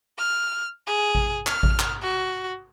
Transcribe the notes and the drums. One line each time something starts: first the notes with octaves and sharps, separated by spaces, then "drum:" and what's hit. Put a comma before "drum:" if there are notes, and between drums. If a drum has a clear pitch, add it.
F6
G#4
drum: kick A1
F6, drum: clap
drum: kick A1
drum: clap
F#4